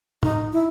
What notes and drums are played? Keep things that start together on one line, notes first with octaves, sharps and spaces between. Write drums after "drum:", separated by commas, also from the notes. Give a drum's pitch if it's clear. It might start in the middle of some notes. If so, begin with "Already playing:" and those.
D#4, drum: tom
E4